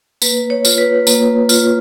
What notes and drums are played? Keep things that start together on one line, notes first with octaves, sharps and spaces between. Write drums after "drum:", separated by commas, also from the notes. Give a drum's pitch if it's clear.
A#3 B4, drum: tambourine
C#5
F4, drum: tambourine
B4
A#3, drum: tambourine
F4, drum: tambourine